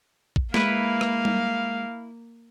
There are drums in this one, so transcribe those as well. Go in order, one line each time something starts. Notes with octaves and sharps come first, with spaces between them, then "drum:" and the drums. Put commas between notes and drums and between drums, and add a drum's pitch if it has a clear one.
drum: kick
G#3 A#3 E4 B4 F5, drum: snare
drum: rim click
drum: tom G3